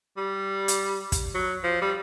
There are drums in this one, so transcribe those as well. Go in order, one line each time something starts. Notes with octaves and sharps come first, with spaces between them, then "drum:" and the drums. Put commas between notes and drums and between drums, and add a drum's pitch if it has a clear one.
G3
drum: hi-hat
drum: kick, hi-hat
F#3
F3
G3